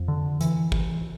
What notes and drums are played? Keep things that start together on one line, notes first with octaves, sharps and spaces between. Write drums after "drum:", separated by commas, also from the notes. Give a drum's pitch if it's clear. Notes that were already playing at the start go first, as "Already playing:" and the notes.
Already playing: F2
D3
E3, drum: hi-hat
drum: kick G#1